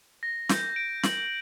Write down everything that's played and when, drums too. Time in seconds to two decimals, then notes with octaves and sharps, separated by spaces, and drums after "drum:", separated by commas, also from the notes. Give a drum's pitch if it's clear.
0.23 A#6
0.49 G6, drum: snare
0.76 D7
1.03 F#7, drum: snare